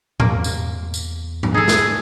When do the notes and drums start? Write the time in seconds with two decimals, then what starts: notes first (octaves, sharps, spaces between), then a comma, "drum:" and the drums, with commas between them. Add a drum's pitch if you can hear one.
0.20 E2 A#3, drum: tom G#2
0.44 drum: tambourine
0.94 drum: tambourine
1.43 drum: tom
1.54 B2 D#4 G#4 A4
1.68 drum: snare